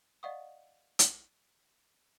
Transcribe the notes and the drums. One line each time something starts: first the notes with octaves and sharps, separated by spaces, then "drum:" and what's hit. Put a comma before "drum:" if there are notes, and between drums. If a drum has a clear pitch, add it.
D5 D#5 F5 F#5 C#6 D#6
drum: hi-hat